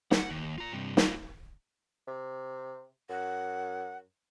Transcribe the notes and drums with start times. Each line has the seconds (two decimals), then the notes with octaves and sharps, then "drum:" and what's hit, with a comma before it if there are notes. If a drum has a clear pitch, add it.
0.11 F#5, drum: snare
0.31 D#2
0.58 F4 A#5
0.72 G2 C3
0.97 D#4 F4, drum: snare
2.07 C3
3.10 F#2 F#5